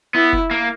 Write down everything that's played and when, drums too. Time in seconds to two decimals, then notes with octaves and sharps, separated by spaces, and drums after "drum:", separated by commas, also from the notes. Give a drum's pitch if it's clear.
0.15 B3 E4
0.33 drum: kick F1
0.51 A#3